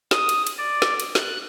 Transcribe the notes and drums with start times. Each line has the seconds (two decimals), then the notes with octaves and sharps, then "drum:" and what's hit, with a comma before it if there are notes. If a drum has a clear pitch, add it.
0.11 D#6, drum: snare
0.29 drum: cymbal
0.47 drum: cymbal
0.58 D5
0.82 drum: snare
1.00 drum: cymbal
1.15 F#6, drum: snare